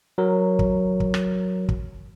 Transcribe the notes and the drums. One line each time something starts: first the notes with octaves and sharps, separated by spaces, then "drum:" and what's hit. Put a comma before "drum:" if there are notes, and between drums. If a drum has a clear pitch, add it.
F#3 A#4
drum: kick
drum: kick
drum: rim click
drum: kick